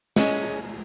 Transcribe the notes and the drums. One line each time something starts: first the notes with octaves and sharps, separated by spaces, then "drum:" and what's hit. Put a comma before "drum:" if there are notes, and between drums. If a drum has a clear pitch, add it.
G#3 C#4, drum: snare